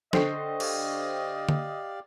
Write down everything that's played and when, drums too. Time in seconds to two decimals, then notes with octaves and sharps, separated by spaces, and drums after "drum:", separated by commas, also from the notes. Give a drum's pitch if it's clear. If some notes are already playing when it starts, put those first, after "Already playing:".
0.13 D3 C5 D#5 G5 C#6 C7, drum: snare
0.60 G4 D5 F5, drum: cymbal
1.49 drum: tom D3